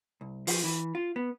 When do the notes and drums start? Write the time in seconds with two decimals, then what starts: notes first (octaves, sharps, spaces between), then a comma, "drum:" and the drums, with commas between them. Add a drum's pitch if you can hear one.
0.21 C2
0.47 F3, drum: open hi-hat
0.64 E3
0.95 F4
1.16 B3